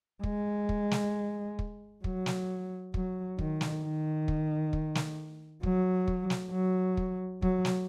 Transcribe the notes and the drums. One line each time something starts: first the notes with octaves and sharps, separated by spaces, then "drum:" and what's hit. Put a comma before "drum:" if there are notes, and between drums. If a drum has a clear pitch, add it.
G#3, drum: kick
drum: kick
drum: snare
drum: kick
F#3, drum: kick
drum: snare
F#3, drum: kick
D#3, drum: kick
drum: snare
D#3
drum: kick
drum: kick
drum: snare
F#3, drum: kick
drum: kick
drum: snare
F#3
drum: kick
F#3, drum: kick
drum: snare